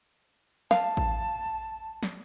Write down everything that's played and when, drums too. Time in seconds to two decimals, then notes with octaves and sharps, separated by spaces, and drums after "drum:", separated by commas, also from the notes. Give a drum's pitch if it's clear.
0.71 F5 A5, drum: snare
0.97 drum: kick A1
2.03 drum: snare